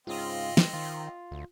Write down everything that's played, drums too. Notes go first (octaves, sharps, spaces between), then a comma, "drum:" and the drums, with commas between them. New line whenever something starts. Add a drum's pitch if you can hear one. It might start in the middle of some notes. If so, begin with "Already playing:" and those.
G#2 C#3 C4 F4 D#5 D#6
drum: snare
D#3 F4
D2